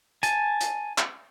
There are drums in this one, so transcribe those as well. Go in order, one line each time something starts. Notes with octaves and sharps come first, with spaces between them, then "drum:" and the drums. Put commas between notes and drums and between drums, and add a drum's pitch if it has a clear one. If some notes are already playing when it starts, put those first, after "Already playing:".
G#5 A5, drum: hi-hat
drum: hi-hat
drum: clap